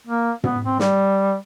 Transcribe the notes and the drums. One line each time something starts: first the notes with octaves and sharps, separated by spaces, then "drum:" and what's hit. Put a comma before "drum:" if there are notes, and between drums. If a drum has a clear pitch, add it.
A#3
B3, drum: tom
C4
G3, drum: snare